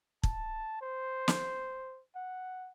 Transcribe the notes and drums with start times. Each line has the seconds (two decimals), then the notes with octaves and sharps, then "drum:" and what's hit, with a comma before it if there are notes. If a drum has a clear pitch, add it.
0.23 A5, drum: kick
0.81 C5
1.28 drum: snare
2.16 F#5